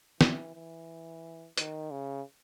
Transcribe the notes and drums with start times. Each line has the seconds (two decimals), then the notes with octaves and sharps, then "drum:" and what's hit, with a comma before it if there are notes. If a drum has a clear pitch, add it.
0.21 E3, drum: snare
0.55 E3
1.58 D#3, drum: hi-hat
1.91 C#3